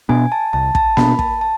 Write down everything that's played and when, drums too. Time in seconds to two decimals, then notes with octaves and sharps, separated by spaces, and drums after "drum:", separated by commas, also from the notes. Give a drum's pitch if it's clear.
0.09 B2 B3 D4 G#5
0.32 A5
0.53 C2 A5
0.75 A5, drum: kick
0.97 B2 B3 D4 B5, drum: snare A#3
1.19 A5, drum: kick
1.41 A5